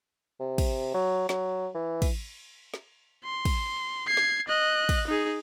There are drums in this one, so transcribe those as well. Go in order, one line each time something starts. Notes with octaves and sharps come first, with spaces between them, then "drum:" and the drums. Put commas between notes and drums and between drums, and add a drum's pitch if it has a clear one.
C3
drum: kick, cymbal
F#3
F#3, drum: snare
E3
drum: kick, cymbal
drum: snare
C6
drum: kick, cymbal
G#6 C7
drum: snare
D#5 F#6
drum: kick, cymbal
D#4 G#4